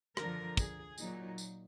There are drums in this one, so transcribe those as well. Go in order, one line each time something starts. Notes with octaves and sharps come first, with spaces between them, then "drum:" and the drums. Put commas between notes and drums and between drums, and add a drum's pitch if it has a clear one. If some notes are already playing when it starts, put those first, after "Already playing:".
D3 F3 A#4, drum: rim click
G#4, drum: kick, tambourine
A#2 F#3 D#4, drum: tambourine
drum: tambourine